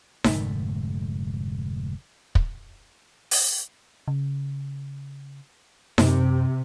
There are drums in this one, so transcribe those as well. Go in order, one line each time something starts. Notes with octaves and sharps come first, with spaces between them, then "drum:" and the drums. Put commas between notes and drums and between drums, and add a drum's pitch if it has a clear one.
F1 G#2 D3 A3, drum: snare D#4
drum: kick
drum: open hi-hat
C#3
F#2 C3, drum: snare D#4